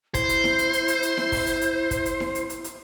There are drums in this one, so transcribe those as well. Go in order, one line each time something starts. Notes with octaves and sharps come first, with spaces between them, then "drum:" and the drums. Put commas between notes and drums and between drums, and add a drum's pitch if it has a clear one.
E4 C5, drum: kick, hi-hat
drum: hi-hat
drum: snare E4
drum: hi-hat
drum: hi-hat
drum: hi-hat
drum: hi-hat
drum: snare E4
drum: kick, open hi-hat
drum: hi-hat
drum: hi-hat
drum: kick, hi-hat
drum: hi-hat
drum: snare E4
drum: hi-hat
drum: hi-hat
drum: hi-hat